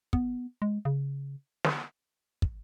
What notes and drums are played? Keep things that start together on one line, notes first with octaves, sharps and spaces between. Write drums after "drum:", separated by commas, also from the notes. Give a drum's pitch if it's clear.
B3, drum: kick
G#3
C#3
drum: snare
drum: kick